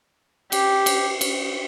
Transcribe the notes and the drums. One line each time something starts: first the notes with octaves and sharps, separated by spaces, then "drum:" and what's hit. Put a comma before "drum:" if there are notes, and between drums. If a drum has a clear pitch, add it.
G4, drum: cymbal
drum: cymbal
drum: cymbal